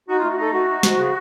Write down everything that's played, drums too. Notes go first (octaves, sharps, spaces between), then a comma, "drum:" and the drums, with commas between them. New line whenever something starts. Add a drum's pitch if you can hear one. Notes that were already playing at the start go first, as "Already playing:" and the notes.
D#4 F#4
A3 F4
F#4
D#4 A4
A3 F#4
D#4
F3, drum: snare
C#3